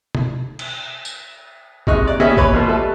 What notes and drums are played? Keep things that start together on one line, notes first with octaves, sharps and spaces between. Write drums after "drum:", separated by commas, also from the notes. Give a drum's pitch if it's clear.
drum: tom B2
drum: cymbal
drum: tambourine
C3 G#3 D#4 C#6 F#6, drum: kick
D5
B3 C#4 G4 G#4 D#5 E5
B4 C#5 B5 D6, drum: kick
B2 F3 A#3
G3 A3 A4 B4